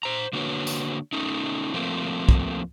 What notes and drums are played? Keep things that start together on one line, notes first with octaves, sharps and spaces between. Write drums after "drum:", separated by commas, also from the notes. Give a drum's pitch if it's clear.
C5 A#5
D3 A#3 D4 F#4 B4 C#5
drum: tambourine
A3 C#4 D#4
F3 A3 A#3 C4
drum: kick